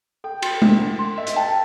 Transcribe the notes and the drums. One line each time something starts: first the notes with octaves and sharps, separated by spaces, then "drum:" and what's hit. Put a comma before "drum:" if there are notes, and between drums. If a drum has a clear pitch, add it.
A4 G5
F#4, drum: cymbal
A4, drum: tom G#3
F#5
C6
D#5 E5
drum: hi-hat
G5 A5